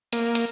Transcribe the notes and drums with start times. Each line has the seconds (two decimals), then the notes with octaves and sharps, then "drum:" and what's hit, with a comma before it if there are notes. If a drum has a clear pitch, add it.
0.13 A#3, drum: hi-hat
0.35 drum: hi-hat